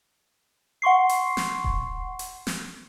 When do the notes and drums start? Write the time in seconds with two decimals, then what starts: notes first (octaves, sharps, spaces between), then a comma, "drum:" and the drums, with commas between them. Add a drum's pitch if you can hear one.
0.82 F#5 C6 C#6 C7
1.09 drum: hi-hat
1.37 drum: snare
1.64 drum: kick D#1
2.19 drum: hi-hat
2.47 drum: snare